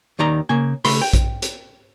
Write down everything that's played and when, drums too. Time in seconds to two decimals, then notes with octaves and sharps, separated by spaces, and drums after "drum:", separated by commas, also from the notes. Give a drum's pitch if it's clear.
0.19 D#2 D#3 D5 A#5
0.49 C#3 A#3 G#5
0.85 C#3 A3 B5 C6, drum: open hi-hat
1.01 G5
1.13 drum: kick A#1, hi-hat
1.42 drum: hi-hat